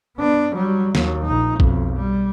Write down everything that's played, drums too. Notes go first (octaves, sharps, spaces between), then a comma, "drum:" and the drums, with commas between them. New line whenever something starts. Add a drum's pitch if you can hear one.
B3 D4
F#3 G3
D#2 F#3, drum: snare
A#1 D#4
B1 F2, drum: kick A1
G3